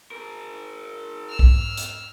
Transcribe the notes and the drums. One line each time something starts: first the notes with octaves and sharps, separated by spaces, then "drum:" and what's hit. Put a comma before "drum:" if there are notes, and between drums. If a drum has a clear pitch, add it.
G#4 A#4
E6 F6
drum: kick
drum: hi-hat